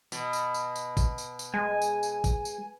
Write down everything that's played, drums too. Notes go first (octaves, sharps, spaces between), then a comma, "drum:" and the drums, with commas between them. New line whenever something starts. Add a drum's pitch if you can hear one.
B2, drum: tambourine
drum: tambourine
drum: tambourine
drum: tambourine
drum: kick, tambourine
drum: tambourine
drum: tambourine
G#3 G#5
drum: tambourine
drum: tambourine
drum: kick, tambourine
drum: tambourine